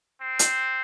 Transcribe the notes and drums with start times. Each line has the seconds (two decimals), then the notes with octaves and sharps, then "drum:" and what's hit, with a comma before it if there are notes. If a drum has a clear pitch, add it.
0.21 C4
0.39 drum: hi-hat